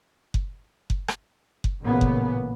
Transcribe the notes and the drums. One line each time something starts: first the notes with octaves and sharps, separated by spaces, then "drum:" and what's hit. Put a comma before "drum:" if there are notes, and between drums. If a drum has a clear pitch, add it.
drum: kick F#1
drum: kick F#1
drum: rim click
drum: kick F#1
A1 A#2 C#3 A#3 B3
drum: kick F#1